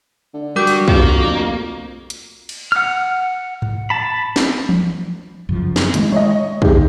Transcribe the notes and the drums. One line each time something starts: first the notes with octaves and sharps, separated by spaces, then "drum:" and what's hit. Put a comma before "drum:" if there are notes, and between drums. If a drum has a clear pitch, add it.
D3
G3 F#4 A#4 D6 G6
drum: open hi-hat
A#3 F4 G4, drum: kick
F2
drum: hi-hat
drum: cymbal
F#5 F6
drum: tom G#2
A5 B5
drum: snare
drum: tom E3
F#2 C#3 F3
drum: snare
A1 D#3 G#3 A3, drum: hi-hat
G#3 C#5 D#5
D3 D#4 G4, drum: kick